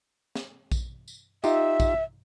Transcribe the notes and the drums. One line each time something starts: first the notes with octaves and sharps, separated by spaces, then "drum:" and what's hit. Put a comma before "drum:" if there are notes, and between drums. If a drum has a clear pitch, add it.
drum: snare
drum: kick A#1, tambourine
drum: tambourine
D#4 F4 G4 E5, drum: tambourine
drum: kick A#1, tambourine